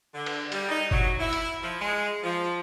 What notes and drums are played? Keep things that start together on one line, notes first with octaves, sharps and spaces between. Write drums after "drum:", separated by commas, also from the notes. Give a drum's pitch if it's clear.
D3
drum: cymbal
G3, drum: hi-hat
D#4
F#3, drum: kick F#1
E4
drum: hi-hat
F3
G#3
F3